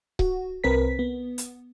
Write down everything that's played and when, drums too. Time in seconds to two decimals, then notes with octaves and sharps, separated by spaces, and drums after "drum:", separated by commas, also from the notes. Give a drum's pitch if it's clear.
0.19 F#4, drum: kick C#1
0.64 C2 C4 A#4 B4 B6
0.99 B3
1.38 drum: hi-hat